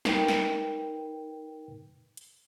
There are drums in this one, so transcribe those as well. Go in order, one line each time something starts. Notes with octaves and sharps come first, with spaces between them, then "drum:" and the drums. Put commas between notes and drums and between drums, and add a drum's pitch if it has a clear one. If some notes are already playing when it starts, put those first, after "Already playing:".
D#4 A#4 B4 G5, drum: snare
drum: snare
drum: hi-hat